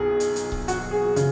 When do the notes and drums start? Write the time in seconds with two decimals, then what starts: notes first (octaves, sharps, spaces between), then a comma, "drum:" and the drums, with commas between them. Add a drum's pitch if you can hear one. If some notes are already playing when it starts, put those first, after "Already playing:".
Already playing: B1 B2 G#4
0.20 drum: hi-hat
0.36 drum: hi-hat
0.52 drum: kick C#1
0.68 F#4, drum: hi-hat
0.91 G#4
1.16 C#3, drum: hi-hat